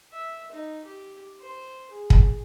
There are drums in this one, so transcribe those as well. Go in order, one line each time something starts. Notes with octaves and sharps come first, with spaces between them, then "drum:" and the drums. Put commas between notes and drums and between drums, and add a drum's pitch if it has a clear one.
E5
D#4
G4
C5
G#4
drum: kick